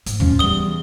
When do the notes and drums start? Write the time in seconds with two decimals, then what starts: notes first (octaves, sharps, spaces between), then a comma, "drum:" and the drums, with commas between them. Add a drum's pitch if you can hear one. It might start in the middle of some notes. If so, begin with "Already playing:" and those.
0.06 G#2, drum: hi-hat
0.20 A2 F3 A#3 C#4, drum: tom
0.39 E2 G2 G3 D#6 G7